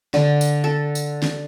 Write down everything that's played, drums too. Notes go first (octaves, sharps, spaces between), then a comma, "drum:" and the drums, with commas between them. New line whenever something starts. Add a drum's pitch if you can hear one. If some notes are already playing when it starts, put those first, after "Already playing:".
D3, drum: snare
drum: tambourine
A4
drum: tambourine
drum: snare